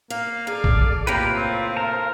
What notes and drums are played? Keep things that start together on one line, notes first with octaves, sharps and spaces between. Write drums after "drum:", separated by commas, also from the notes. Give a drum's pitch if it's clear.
A#3 F5
G#4 A4 D5 F5
drum: kick
A2 C3 A#3 F4 G4 A#4 B4
C4 C5 F5
A#4 A5 A#5